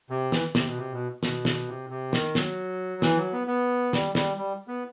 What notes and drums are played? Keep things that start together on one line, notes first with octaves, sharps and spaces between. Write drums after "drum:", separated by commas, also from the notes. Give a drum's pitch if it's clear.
C3
E3, drum: snare
C3, drum: snare
B2
C3
B2
B2, drum: snare
drum: snare
C3
C3
D#3, drum: snare
F#3, drum: snare
E3, drum: snare
F#3
B3
B3
G3, drum: snare
G3, drum: snare
G3
B3